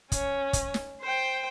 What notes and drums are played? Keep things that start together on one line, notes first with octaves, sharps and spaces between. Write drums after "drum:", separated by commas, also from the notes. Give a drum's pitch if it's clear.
C#4, drum: kick, hi-hat
drum: kick, hi-hat
drum: snare
C5 G5